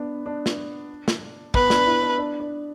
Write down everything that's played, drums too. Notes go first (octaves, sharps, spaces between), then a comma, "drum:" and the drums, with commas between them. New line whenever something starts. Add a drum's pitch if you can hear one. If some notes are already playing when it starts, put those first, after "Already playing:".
Already playing: B3 D4
D4
drum: snare
drum: snare
B3 B4, drum: kick
D4, drum: snare
E4
D4
D4
D4